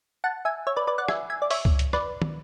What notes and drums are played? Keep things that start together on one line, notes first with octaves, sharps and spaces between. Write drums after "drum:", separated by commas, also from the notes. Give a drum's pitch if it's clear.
F#5 A5
E5 G#5
C#5 E5
B4 D5
B4 D5
D5 F#5
E5 G#5, drum: rim click
E5 G#5
D5
C#5 E5, drum: open hi-hat
drum: kick C#2
drum: hi-hat
B4 D5, drum: rim click
drum: tom